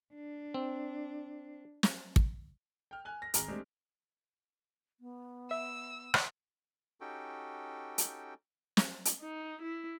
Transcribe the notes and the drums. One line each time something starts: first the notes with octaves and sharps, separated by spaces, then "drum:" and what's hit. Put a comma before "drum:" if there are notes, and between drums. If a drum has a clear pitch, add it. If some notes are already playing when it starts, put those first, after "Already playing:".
D4
C4
drum: snare
drum: kick
G5 F6
G#5 F#6
A#6
G#1 G#4 A#5 F6 D7, drum: hi-hat
G#3 A3 C4 D4 G4
B3
E5 E6
drum: rim click
C#4 D#4 F#4 G4 A4 G5
drum: hi-hat
drum: snare
drum: hi-hat
D#4
E4